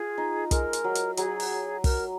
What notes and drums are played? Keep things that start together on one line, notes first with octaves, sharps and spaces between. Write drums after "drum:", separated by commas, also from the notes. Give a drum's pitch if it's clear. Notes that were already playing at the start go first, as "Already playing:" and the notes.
Already playing: F4 G#4
D#4
G#3 A#4, drum: kick, hi-hat
drum: hi-hat
F#3
drum: hi-hat
F#3 G#4, drum: hi-hat
drum: open hi-hat
A#4, drum: kick, open hi-hat